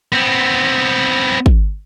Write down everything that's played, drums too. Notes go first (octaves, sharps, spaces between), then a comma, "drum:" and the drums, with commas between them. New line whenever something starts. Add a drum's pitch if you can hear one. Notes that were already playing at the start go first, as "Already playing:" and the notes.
B3 C4
drum: kick